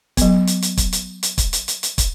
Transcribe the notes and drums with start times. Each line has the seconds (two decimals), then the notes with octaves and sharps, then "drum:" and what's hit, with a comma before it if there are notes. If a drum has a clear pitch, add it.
0.17 F#3 B3, drum: kick, hi-hat
0.47 drum: hi-hat
0.62 drum: hi-hat
0.77 drum: kick, hi-hat
0.93 drum: hi-hat
1.23 drum: hi-hat
1.38 drum: kick, hi-hat
1.53 drum: hi-hat
1.68 drum: hi-hat
1.83 drum: hi-hat
1.98 drum: kick, hi-hat